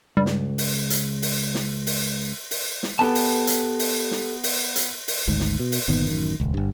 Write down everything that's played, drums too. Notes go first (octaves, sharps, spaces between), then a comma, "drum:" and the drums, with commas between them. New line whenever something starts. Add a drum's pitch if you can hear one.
C#2 G2
drum: snare
drum: open hi-hat
drum: hi-hat
drum: open hi-hat
drum: snare
drum: open hi-hat
drum: open hi-hat
drum: snare
B3 G4 A4 A5
drum: open hi-hat
drum: hi-hat
drum: open hi-hat
drum: snare
drum: open hi-hat
drum: hi-hat
drum: open hi-hat
G#1 D2 G#2
drum: snare
B2
drum: open hi-hat
G1 A#2 D#3 B3
A1 F#2 D#3
D#1 C#2
G1 G2